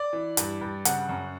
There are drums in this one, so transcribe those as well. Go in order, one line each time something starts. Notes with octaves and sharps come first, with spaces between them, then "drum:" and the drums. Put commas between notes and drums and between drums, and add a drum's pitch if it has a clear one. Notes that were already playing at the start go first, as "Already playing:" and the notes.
Already playing: D5
E3
G2, drum: hi-hat
G2
C#3 F#5, drum: hi-hat
F#2